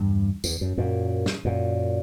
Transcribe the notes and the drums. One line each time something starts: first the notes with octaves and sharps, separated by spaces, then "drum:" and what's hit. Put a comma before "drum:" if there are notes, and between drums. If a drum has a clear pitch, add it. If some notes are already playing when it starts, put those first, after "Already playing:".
Already playing: E2 G2
E2, drum: tambourine
F#2
F#2 A#2
drum: snare
F#2 A#2